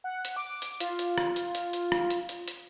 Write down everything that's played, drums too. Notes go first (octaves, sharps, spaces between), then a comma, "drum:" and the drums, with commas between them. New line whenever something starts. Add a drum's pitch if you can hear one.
F#5
drum: hi-hat
D6
drum: hi-hat
F4, drum: hi-hat
drum: hi-hat
drum: rim click
drum: hi-hat
drum: hi-hat
drum: hi-hat
drum: rim click
drum: hi-hat
drum: hi-hat
drum: hi-hat